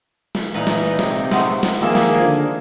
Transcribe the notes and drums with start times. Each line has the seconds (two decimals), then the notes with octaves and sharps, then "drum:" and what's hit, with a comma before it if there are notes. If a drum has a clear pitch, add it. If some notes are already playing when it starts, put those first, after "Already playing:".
0.35 drum: snare
0.54 A#2 E3 D#4 B4 A#5
0.67 drum: snare
0.99 C3, drum: snare
1.31 G#3 A3 B3, drum: snare
1.63 drum: snare
1.81 D#3 F3 A#3 G#4 E5
1.95 drum: snare
2.22 D3